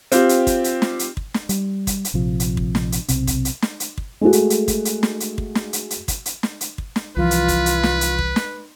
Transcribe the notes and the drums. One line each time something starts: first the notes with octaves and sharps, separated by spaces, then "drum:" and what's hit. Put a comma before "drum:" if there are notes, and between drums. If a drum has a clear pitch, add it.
C4 F4 G4, drum: hi-hat
drum: hi-hat
drum: kick, hi-hat
drum: hi-hat
drum: snare
drum: hi-hat
drum: kick
drum: snare
G3, drum: hi-hat
drum: kick, hi-hat
drum: hi-hat
A#1 C3 F3
drum: hi-hat
drum: kick
drum: snare
drum: hi-hat
B1 C3 C4, drum: hi-hat
drum: kick, hi-hat
drum: hi-hat
drum: snare
drum: hi-hat
drum: kick
G#3 A3 F#4
drum: hi-hat
drum: hi-hat
drum: kick, hi-hat
drum: hi-hat
drum: snare
drum: hi-hat
drum: kick
drum: snare
drum: hi-hat
drum: hi-hat
drum: kick, hi-hat
drum: hi-hat
drum: snare
drum: hi-hat
drum: kick
drum: snare
C2 E3 F3 F4 B4
drum: hi-hat
drum: kick, hi-hat
drum: hi-hat
drum: snare
drum: hi-hat
drum: kick
drum: snare